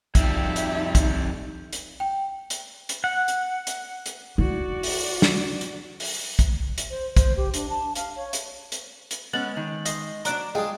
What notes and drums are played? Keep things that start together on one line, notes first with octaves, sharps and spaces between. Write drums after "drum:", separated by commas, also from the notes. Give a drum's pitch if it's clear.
F2 G3 D#4 E5, drum: kick, hi-hat
drum: hi-hat
drum: kick, hi-hat
drum: hi-hat
G5
drum: hi-hat
drum: hi-hat
F#5
drum: hi-hat
drum: hi-hat
drum: hi-hat
E4 F#4 D5
drum: open hi-hat
drum: snare
drum: hi-hat
drum: open hi-hat
drum: kick, hi-hat
drum: hi-hat
C5
C5, drum: kick, hi-hat
G4
D4, drum: hi-hat
A5
F5, drum: hi-hat
C#5
drum: hi-hat
drum: hi-hat
drum: hi-hat
G#3 B3 C#4 F#6 A6 F#7
D#3
D#5 C6, drum: hi-hat
F#3 D4 D5 A#5 F#6 D7, drum: hi-hat
G#3 F4 G#4 G5